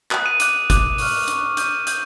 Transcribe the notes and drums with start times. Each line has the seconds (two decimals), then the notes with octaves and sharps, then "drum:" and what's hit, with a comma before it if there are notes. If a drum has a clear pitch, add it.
0.11 D#6 F#6, drum: clap
0.26 D#7
0.40 D6 F#6 D#7, drum: hi-hat
0.70 D6 F#6, drum: kick G#1, hi-hat
0.98 C#6 F6, drum: open hi-hat
1.28 C#6 F#6, drum: hi-hat
1.57 D6 G6 D#7, drum: hi-hat
1.87 D#6 G6, drum: hi-hat